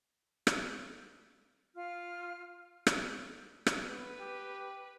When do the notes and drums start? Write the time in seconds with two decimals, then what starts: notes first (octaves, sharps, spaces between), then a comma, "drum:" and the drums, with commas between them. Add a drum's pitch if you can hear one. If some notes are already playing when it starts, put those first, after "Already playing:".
0.47 drum: rim click
1.76 F4 F6
2.87 drum: rim click
3.66 drum: rim click
3.89 B3 B4
4.20 G4